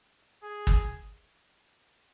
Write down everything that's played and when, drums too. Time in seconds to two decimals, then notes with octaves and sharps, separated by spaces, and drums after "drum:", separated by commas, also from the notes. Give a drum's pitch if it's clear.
0.43 G#4
0.67 drum: kick